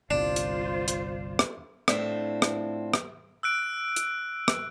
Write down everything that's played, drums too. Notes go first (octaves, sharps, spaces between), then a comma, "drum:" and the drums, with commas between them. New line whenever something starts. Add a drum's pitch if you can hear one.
G1 C2 D4 F4 C5
drum: hi-hat
drum: hi-hat
drum: rim click
A2 A3 C4 D4 F4, drum: rim click
drum: rim click
drum: rim click
E6 F#6 D7
drum: hi-hat
drum: rim click